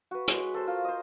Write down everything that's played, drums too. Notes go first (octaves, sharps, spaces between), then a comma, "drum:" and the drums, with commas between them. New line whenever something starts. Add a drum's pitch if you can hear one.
F#4 B4
G#3 C#5, drum: hi-hat
A4 C5
F4 A#4
C5 D#5